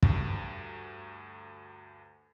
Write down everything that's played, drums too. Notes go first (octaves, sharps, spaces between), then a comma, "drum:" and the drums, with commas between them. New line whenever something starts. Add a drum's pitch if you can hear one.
D2 G2, drum: kick